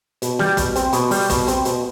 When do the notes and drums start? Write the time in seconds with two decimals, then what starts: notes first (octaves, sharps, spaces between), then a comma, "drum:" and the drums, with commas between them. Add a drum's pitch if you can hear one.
0.22 B2, drum: hi-hat
0.39 G3, drum: snare
0.57 B2, drum: kick, hi-hat
0.76 C4, drum: hi-hat
0.93 B2, drum: hi-hat
1.11 G3, drum: open hi-hat
1.30 B2, drum: kick, hi-hat
1.48 C4, drum: hi-hat
1.65 B2, drum: hi-hat